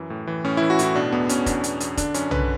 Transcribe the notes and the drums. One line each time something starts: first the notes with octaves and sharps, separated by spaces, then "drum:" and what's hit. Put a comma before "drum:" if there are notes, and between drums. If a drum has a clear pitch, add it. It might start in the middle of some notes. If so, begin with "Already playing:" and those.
Already playing: F#2 E3
A2
E3
A2 C#4
E3 E4
F#4
A2 E4, drum: hi-hat
B2 D4
E2 B3
B2 C#4, drum: hi-hat
E2 D4, drum: kick F1, hi-hat
B2, drum: hi-hat
E2, drum: hi-hat
D3 D4, drum: kick F1, hi-hat
F#2 C#4, drum: hi-hat
D3 B4, drum: tom